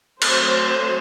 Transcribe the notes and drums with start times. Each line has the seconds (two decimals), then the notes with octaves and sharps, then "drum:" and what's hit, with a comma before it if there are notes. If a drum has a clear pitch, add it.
0.22 F#3 A3 C4 C5, drum: cymbal